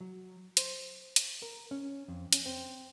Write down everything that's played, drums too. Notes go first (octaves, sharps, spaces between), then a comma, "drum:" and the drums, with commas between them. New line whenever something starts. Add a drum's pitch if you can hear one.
F#3
C5, drum: hi-hat
drum: hi-hat
A#4
C#4
F2
C#4, drum: hi-hat
C4